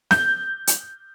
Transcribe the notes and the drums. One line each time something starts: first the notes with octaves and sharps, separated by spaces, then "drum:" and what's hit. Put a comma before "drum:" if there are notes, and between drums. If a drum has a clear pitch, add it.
G6, drum: snare
drum: hi-hat